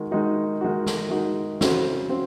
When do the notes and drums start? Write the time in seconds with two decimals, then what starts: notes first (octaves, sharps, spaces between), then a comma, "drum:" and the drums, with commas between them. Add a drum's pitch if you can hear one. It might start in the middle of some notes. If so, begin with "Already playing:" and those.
Already playing: D#3 G#3 D#4 F#4
0.11 D#3 G#3 D#4 F#4
0.61 D#3 G#3 D#4 F#4
0.86 drum: snare
1.10 D#3 G#3 D#4 F#4
1.61 C#3 F#3 C4 F#4 C5, drum: snare
2.09 C#3 F#3 C4 F#4 C5